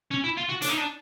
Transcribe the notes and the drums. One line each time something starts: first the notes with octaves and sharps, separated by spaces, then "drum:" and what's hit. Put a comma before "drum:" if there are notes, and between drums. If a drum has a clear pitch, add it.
C#4
E4
F4
F#4
D4, drum: hi-hat
D#4
D4